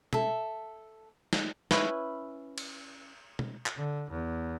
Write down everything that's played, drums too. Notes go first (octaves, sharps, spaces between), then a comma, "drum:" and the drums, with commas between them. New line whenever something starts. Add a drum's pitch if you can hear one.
A4 E5, drum: tom
drum: snare
C#4 E4 B4, drum: snare
drum: cymbal
drum: tom
drum: clap
D3
E2